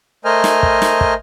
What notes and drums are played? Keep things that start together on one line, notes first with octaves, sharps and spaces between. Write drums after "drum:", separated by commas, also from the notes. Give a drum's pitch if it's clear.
A3 A#4 C5 D#5 G#5 F6
drum: snare
drum: kick
drum: snare
drum: kick